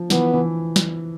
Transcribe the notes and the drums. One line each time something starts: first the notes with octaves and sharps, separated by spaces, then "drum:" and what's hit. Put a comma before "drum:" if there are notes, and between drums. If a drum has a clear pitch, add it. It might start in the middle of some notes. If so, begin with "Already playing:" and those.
Already playing: F3
E3 B3, drum: snare
E3
drum: snare